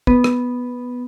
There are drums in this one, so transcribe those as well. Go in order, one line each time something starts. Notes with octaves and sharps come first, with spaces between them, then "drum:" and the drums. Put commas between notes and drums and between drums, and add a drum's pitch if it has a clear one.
B3, drum: kick
drum: rim click